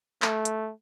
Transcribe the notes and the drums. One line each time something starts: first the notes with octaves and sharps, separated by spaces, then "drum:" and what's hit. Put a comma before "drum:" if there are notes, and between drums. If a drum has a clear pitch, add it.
A3, drum: clap
drum: hi-hat